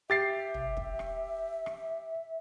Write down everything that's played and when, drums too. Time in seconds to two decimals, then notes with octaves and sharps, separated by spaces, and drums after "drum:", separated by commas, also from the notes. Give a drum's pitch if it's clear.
0.10 G4 E5 A6 C7
0.54 drum: tom
0.77 drum: kick
0.99 drum: rim click
1.66 drum: rim click